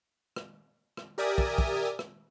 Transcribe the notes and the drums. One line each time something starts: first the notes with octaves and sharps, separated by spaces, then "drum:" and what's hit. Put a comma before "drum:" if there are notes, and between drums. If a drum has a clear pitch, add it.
drum: rim click
drum: rim click
G4 A#4 D5 E5 G#5 D#6
drum: kick
drum: kick
drum: rim click